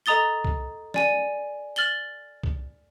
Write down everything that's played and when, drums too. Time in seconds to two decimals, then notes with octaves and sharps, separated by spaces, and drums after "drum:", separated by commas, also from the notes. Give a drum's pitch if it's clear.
0.06 A4 D#5 A#5 D#6 A6 G7
0.45 drum: kick
0.94 D5 G#5 D#7, drum: snare
1.76 F6 A6 F#7 G7
2.43 drum: kick